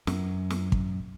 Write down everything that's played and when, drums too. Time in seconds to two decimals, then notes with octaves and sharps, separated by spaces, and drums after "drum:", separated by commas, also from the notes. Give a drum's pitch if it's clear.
0.07 F#2, drum: snare
0.50 drum: snare
0.72 drum: kick